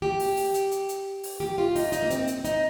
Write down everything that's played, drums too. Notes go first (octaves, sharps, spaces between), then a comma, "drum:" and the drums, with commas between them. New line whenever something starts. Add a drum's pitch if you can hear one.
G4, drum: snare A#3
drum: open hi-hat
drum: open hi-hat
drum: hi-hat
drum: hi-hat
drum: hi-hat
drum: open hi-hat
G4, drum: snare A#3
F4
D#4, drum: open hi-hat
D#4, drum: hi-hat
A#3
C4, drum: hi-hat
drum: hi-hat
D#4, drum: hi-hat